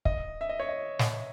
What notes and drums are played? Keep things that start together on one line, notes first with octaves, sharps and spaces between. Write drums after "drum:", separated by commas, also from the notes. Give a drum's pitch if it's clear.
D#5, drum: kick
E5
D#5
C#5
D#5
drum: snare